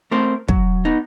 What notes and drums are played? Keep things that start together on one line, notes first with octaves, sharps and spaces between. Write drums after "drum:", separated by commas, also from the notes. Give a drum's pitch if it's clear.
A3 C4 A#4 C5
F#3, drum: kick
B3 D#4